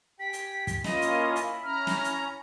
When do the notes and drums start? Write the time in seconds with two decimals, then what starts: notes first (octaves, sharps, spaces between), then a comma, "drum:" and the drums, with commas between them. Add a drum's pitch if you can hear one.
0.20 G4 G5 G#5 B6
0.33 drum: hi-hat
0.67 drum: kick, hi-hat
0.84 A#3 C#4 E4 F4 D#5 B5, drum: snare
1.01 drum: hi-hat
1.36 drum: hi-hat
1.64 C#4 A#5 F6
1.87 drum: snare
2.04 drum: hi-hat